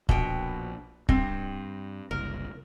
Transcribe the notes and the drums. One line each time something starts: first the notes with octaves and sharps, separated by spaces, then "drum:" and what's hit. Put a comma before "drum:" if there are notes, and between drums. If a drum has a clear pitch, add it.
A#1 B2 G5, drum: kick C#1
G2 C4, drum: kick C#1
F#1 C2 A#4